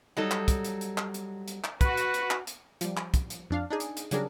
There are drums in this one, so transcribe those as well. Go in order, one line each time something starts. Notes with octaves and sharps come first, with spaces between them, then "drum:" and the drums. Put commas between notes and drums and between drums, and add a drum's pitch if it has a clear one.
F#3 G3 D#4 G4 A4
drum: clap
drum: kick, hi-hat
drum: hi-hat
drum: hi-hat
drum: clap
drum: hi-hat
drum: hi-hat
drum: clap
F#4 B4, drum: kick, hi-hat
drum: hi-hat
drum: hi-hat
drum: clap
drum: hi-hat
F3 G3, drum: hi-hat
drum: clap
drum: kick, hi-hat
drum: hi-hat
F2 D4 F5
D4 D#4 G#4
drum: hi-hat
drum: hi-hat
C#3 F#3 G3 D4 G#4 A#4, drum: hi-hat